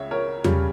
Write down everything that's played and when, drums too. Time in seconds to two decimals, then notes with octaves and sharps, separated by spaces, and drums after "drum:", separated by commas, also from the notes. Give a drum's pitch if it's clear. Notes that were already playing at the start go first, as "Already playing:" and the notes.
Already playing: C#2 C#3 C#5 E5
0.11 A#4 C#5
0.44 C#3 G3, drum: tom E2